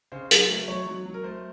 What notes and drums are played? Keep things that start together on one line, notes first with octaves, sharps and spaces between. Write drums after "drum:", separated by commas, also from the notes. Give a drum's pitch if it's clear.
C#3 C5
F#3, drum: hi-hat
A3
F#3 C#5
F#3
F#3
A#4
A3 C5